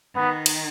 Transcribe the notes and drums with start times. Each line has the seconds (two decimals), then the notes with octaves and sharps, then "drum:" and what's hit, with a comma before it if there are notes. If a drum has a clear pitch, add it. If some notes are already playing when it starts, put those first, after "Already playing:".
0.15 D#3 B3
0.46 drum: cymbal